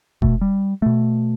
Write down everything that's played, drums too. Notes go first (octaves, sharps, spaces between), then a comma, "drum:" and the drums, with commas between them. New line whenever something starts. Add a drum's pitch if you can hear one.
B2 A3, drum: kick F1
G3
B2 A3